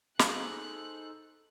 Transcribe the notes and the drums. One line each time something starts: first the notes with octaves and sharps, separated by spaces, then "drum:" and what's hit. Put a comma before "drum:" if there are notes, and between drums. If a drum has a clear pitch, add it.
D#4 F#4 G#4 A4 C5 F5 F#6, drum: snare